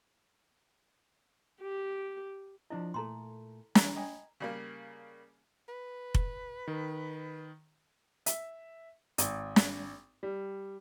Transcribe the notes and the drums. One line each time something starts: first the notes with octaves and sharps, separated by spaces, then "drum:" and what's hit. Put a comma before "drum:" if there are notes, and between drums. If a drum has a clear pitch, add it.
G4
F3 D4 E4 D#5
A#2 A3 A4 A#5 C6
E3 A#5, drum: snare
D#5 G5 G#5
C#3 G3 A#3
B4
drum: kick F1
D#3
E5, drum: hi-hat
G#1, drum: hi-hat
drum: snare
G3